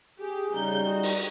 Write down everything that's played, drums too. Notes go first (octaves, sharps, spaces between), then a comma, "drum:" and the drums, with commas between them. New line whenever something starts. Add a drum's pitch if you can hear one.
G4 G#4
C#3 G3 D#4 G6
F#4
drum: open hi-hat